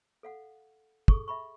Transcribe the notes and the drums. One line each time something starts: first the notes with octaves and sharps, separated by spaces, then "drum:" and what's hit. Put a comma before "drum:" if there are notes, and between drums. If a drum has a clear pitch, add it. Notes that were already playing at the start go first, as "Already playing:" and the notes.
A4 F5 F#5
G#4 A4 C#6 D#6, drum: kick
E5 B5 C#6